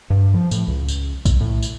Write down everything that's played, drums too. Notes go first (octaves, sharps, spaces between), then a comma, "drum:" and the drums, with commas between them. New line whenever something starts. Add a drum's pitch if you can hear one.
G2
F3
A2, drum: tambourine
C#2
drum: tambourine
drum: kick A#1, tambourine
A2
drum: tambourine